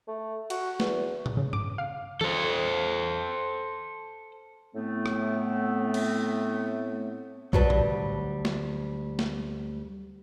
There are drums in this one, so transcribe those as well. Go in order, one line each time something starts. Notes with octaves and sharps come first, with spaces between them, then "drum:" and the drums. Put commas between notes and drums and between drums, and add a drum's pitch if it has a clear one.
A3
F#4, drum: cymbal
E2, drum: snare
drum: tom A2
C#3
D6, drum: tom G2
F5
A4 C5, drum: tom D#3
A2 A3 B3 C4
drum: rim click
drum: cymbal
D2 F#3 G3 F#4 B4 A5, drum: kick A#1
drum: tom A2
drum: snare
drum: snare